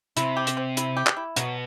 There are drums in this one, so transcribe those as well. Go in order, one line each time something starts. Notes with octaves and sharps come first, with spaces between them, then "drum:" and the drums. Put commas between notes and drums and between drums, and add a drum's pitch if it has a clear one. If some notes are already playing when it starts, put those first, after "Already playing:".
C3 E4, drum: hi-hat
G4
drum: hi-hat
C4
E4, drum: hi-hat
G4
drum: clap
E4
B2 F#3, drum: hi-hat